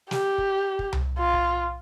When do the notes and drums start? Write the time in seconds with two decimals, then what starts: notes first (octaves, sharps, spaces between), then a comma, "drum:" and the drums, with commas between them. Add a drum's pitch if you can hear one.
0.11 G4, drum: snare
0.38 drum: kick
0.79 drum: kick
0.93 drum: tom C2
1.19 F4
1.33 drum: kick